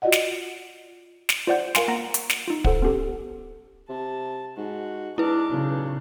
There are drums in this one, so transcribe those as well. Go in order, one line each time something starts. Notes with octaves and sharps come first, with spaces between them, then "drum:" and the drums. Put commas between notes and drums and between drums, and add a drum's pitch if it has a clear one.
F4 F#4 D5 D#5 F#5
drum: snare
drum: snare
F4 C5 D5 F#5 G6
A#4 F5 G#5 C6, drum: snare
A#3 F#5 A#5 A#6
drum: hi-hat
drum: snare
D#4 F4
A4 C5 F#5, drum: kick
B3 C#4 G4 A4
C3 A5
G#2 F#4
G#2 D4 E4 B4 D6
B1 C#3 D4